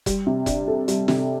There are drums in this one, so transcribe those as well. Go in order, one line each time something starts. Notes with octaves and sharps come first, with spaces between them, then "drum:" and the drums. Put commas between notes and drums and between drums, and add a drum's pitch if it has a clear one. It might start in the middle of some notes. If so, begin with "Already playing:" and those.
G3, drum: kick F1, hi-hat
C3
D4, drum: kick F1, hi-hat
A4
G3, drum: hi-hat
C3, drum: snare